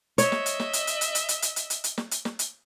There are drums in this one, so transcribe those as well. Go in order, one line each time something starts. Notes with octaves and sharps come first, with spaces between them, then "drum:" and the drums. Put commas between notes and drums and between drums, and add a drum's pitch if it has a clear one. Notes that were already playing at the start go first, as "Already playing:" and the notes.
C#5 D#5 E5, drum: hi-hat
drum: snare
drum: hi-hat
drum: snare
drum: hi-hat
drum: hi-hat
drum: hi-hat
drum: hi-hat
drum: hi-hat
drum: hi-hat
drum: hi-hat
drum: hi-hat
drum: hi-hat
drum: snare
drum: hi-hat
drum: snare
drum: hi-hat